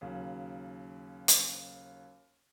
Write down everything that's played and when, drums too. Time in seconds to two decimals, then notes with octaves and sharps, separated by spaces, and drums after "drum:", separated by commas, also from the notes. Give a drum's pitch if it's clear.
0.01 D#2 C#3 F#3
1.28 drum: hi-hat